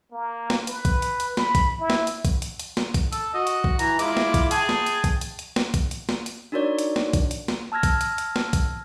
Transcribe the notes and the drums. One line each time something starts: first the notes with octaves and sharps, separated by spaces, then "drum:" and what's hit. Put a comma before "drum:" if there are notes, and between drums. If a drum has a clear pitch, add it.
A#3
drum: snare
B4, drum: hi-hat
drum: kick, hi-hat
drum: hi-hat
drum: hi-hat
B5, drum: snare
drum: kick, hi-hat
E4
drum: snare
drum: hi-hat
drum: kick, hi-hat
drum: hi-hat
drum: hi-hat
drum: snare
drum: kick, hi-hat
A5 E6, drum: hi-hat
F#4 D#5
drum: hi-hat
drum: kick
E3 A#5, drum: hi-hat
G#3 E4 F4 D6, drum: hi-hat
drum: snare
drum: kick, hi-hat
G#4 G5 A5, drum: hi-hat
drum: snare
drum: hi-hat
drum: kick, hi-hat
drum: hi-hat
drum: hi-hat
drum: snare
drum: kick, hi-hat
drum: hi-hat
drum: snare
drum: hi-hat
D4 D#4 F#4 A#4 C#5 D5
drum: hi-hat
drum: snare
drum: kick, hi-hat
drum: hi-hat
drum: snare
A5 E6 F6 G#6 A#6
drum: kick, hi-hat
drum: hi-hat
drum: hi-hat
drum: snare
drum: kick, hi-hat